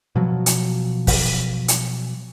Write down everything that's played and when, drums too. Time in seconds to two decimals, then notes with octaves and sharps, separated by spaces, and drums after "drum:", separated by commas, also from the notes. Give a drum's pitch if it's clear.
0.16 B2 F3 F#3
0.46 drum: hi-hat
1.07 drum: kick, open hi-hat
1.68 drum: hi-hat